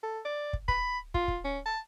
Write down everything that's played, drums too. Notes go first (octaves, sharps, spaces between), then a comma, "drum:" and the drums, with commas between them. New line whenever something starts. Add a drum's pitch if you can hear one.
A4
D5
drum: kick
B5, drum: kick
F4, drum: kick
drum: kick
C#4
A5